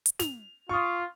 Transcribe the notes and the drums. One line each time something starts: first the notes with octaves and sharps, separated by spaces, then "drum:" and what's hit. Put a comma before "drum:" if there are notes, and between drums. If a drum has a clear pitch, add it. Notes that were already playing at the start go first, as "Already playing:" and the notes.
drum: hi-hat
F7, drum: snare
F4 C#6 D#6